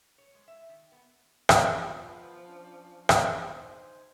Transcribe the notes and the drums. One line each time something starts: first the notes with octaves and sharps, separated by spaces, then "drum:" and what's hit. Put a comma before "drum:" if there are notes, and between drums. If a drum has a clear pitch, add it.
C#5
G#3
E5
D#3
B3
drum: rim click
C3 F3 G3
B3 B4
C#4 D4
drum: rim click
D#4 C5 G#5